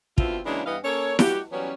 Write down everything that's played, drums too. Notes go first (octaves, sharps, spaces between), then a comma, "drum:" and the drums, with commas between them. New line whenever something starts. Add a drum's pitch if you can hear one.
B2 D3 C4 E4 F4, drum: kick
C#3 E3 F#3 G#3 A#3 D4
G2 E3 B3 D#5 F5
A#3 C#4 A4 C#5
G3 F#4 G4, drum: snare E4
E3 F#3 G3 B3 C#4